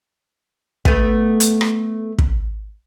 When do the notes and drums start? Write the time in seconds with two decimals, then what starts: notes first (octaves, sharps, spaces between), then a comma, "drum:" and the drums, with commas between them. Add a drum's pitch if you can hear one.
0.85 A3 B3, drum: kick
1.40 drum: hi-hat
1.61 drum: rim click
2.18 drum: kick